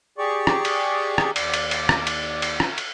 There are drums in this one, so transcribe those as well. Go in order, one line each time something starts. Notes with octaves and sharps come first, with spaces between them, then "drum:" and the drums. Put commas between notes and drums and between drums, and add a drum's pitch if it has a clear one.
G4 G#4 D5 C#6
drum: rim click
drum: cymbal
drum: rim click
D#2 D5, drum: cymbal
drum: cymbal
drum: cymbal
drum: rim click
drum: cymbal
drum: cymbal
drum: rim click
drum: cymbal